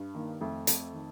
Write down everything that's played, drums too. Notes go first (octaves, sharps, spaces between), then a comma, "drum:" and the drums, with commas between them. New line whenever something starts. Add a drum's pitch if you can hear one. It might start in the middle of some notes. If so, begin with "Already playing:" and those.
Already playing: G2
D#3 A#3
F2 A3
F2, drum: hi-hat
D#3